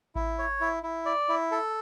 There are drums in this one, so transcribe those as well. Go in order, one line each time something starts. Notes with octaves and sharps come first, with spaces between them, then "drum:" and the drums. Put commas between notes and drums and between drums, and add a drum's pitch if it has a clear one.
E4, drum: kick A1
C#5
E4
E4
D5
E4
A4